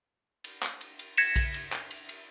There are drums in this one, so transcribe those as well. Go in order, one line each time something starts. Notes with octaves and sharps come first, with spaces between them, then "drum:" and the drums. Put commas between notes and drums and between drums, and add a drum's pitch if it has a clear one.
drum: cymbal
drum: clap
drum: cymbal
drum: cymbal
G#6 A#6 B6 C#7 E7, drum: cymbal
drum: kick A#1, cymbal
drum: cymbal
drum: clap
drum: cymbal
drum: cymbal